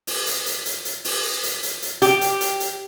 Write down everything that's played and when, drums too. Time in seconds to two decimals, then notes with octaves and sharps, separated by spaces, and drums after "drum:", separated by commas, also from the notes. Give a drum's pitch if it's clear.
0.07 drum: open hi-hat
0.27 drum: hi-hat
0.46 drum: hi-hat
0.66 drum: hi-hat
0.85 drum: hi-hat
1.04 drum: open hi-hat
1.43 drum: hi-hat
1.63 drum: hi-hat
1.82 drum: hi-hat
2.02 G4, drum: hi-hat
2.21 drum: hi-hat
2.41 drum: hi-hat
2.60 drum: hi-hat